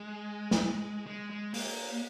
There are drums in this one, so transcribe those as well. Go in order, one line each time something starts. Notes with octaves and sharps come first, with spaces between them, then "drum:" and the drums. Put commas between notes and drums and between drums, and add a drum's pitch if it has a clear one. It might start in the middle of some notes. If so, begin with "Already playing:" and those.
Already playing: G#3
drum: snare
G#3
G#3
A#3, drum: open hi-hat